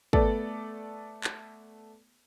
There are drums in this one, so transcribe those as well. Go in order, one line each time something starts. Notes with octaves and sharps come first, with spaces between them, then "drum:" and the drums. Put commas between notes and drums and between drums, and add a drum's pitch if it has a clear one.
A3 B3 A4 D5, drum: kick
drum: clap